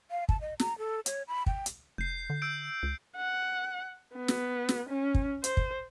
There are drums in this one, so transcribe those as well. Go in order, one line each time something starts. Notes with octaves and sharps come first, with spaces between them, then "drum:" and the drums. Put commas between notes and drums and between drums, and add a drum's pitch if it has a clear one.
F5
A5, drum: kick
D#5
A#5, drum: snare
A4
C#5, drum: hi-hat
B5
G5, drum: kick
drum: hi-hat
F1 G6 C7
D3
E6 G6 D7
C#2
F#5
B3
drum: snare
drum: snare
C#4
drum: kick
C5, drum: hi-hat
drum: kick